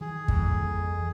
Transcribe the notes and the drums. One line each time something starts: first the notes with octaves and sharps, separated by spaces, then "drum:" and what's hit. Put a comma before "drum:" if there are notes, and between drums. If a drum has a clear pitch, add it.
D#3 G#4
F2 E3 G3 A#3, drum: kick